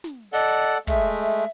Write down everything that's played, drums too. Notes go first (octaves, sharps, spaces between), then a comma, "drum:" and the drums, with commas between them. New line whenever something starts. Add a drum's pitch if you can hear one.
drum: snare
A4 D5 D#5 F#5
G#3 A3 E5, drum: kick